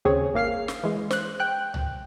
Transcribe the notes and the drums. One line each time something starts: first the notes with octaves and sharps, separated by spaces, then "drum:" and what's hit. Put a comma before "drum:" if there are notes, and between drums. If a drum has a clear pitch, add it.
D#2 C#3 C4 G#4 C#5
G#1 A#3 F5 F6 C7
drum: snare
E3 G#3
C5 F#6, drum: snare
G5 F#6
drum: tom C2